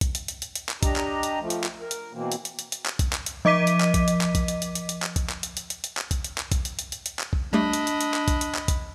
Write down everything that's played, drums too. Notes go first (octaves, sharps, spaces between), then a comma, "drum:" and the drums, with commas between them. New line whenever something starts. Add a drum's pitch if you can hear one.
drum: kick B1, hi-hat
drum: hi-hat
drum: hi-hat
drum: hi-hat
drum: hi-hat
drum: clap
D4 G4 D#5 A#5, drum: kick B1, hi-hat
drum: clap
drum: hi-hat
F3 A3
drum: hi-hat
drum: clap
A#4
drum: hi-hat
B2 E3 A#3 C4
drum: hi-hat
drum: hi-hat
drum: hi-hat
drum: hi-hat
drum: clap
drum: kick B1, hi-hat
drum: clap
drum: hi-hat
F3 D#5 D6 B6 D#7
drum: hi-hat
drum: clap
drum: kick B1, hi-hat
drum: hi-hat
drum: clap
drum: kick B1, hi-hat
drum: hi-hat
drum: hi-hat
drum: hi-hat
drum: hi-hat
drum: clap
drum: kick B1, hi-hat
drum: clap
drum: hi-hat
drum: hi-hat
drum: hi-hat
drum: hi-hat
drum: clap
drum: kick B1, hi-hat
drum: hi-hat
drum: clap
drum: kick B1, hi-hat
drum: hi-hat
drum: hi-hat
drum: hi-hat
drum: hi-hat
drum: clap
drum: kick B1
G3 A3 D4 G4 D#5 B5
drum: hi-hat
drum: hi-hat
drum: hi-hat
drum: clap
drum: kick B1, hi-hat
drum: hi-hat
drum: clap
drum: kick B1, hi-hat